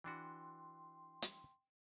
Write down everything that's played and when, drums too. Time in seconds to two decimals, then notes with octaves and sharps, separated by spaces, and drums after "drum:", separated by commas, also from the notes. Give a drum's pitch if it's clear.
0.04 E3 D4 F#4 G5 C6
1.22 drum: hi-hat